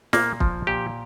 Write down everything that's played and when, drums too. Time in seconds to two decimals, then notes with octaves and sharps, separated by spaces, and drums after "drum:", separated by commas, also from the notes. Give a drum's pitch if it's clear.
0.13 A#2 A#3, drum: snare
0.40 F3, drum: kick
0.67 A#2 G4